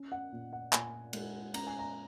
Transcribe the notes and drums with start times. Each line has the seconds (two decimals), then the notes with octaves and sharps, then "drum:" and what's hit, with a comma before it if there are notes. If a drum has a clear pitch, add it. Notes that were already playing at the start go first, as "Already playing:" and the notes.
Already playing: C#4
0.12 F#5
0.32 A#2
0.53 F#5
0.73 A#2 G#5, drum: clap
1.13 G#3, drum: cymbal
1.54 C#4 A#5, drum: cymbal
1.67 G#5
1.79 A#5